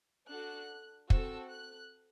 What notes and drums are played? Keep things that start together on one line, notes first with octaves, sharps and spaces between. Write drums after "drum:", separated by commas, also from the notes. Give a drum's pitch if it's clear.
D4 F#4 A4 F#6
C4 F#4 A4 E6, drum: kick
F#6